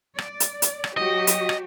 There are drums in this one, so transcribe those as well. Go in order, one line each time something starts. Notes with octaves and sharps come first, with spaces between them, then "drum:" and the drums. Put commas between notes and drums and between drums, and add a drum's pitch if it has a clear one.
D5, drum: rim click
drum: hi-hat
drum: hi-hat
drum: rim click
F#3 F#4 G4 D#5
drum: hi-hat
drum: rim click